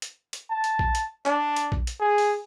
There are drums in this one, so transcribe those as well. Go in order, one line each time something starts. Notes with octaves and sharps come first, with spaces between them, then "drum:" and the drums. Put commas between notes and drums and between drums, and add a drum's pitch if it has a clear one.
drum: hi-hat
drum: hi-hat
A5
drum: hi-hat
drum: kick A#1
drum: hi-hat
D4, drum: clap
drum: hi-hat
drum: kick A#1
drum: hi-hat
G#4
drum: open hi-hat